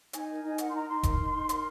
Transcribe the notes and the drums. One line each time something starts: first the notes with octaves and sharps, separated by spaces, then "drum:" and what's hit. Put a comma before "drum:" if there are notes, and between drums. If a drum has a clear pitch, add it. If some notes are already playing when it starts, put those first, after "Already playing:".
D#4 G#5, drum: hi-hat
A#4
D#4
A#4 F#5, drum: hi-hat
C6
D#4 A#5
D#4 C6
A#4, drum: kick E1, hi-hat
D#4
D#4
A#4, drum: hi-hat